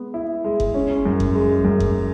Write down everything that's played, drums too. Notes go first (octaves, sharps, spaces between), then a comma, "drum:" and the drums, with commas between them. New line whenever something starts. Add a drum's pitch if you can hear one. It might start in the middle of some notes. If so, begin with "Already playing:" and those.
Already playing: G#3 B3
E4
G#3
drum: kick F#1
C#4
F#2
drum: kick F#1
G#3
F#2
drum: kick F#1